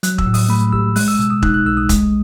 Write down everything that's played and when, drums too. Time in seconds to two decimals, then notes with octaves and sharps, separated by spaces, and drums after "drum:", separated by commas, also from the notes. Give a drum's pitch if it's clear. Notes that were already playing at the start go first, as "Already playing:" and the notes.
0.03 F#3 F#6, drum: hi-hat
0.18 E6, drum: kick E1
0.26 A2
0.34 D#6, drum: open hi-hat
0.49 A3 B5
0.72 A1 E6
0.96 G#3 F#6, drum: open hi-hat
1.08 E6
1.19 B2 E6
1.30 D#6
1.42 D#4 F#6, drum: kick E1
1.54 F#6
1.66 B1 E6
1.77 D#6
1.89 G#3, drum: kick E1, hi-hat